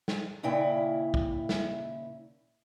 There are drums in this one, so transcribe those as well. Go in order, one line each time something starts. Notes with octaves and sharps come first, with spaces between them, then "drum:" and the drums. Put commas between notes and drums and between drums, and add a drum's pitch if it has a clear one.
drum: snare
D#2 A#2 C#3 E4 G5
drum: kick
drum: snare